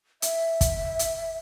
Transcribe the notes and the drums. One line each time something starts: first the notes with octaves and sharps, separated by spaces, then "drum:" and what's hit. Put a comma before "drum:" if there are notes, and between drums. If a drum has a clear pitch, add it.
E5, drum: hi-hat
drum: kick, hi-hat
drum: hi-hat